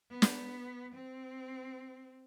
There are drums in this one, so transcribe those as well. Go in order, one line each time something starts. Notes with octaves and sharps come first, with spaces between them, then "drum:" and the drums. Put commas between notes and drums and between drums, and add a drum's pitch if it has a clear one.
B3
drum: snare
C4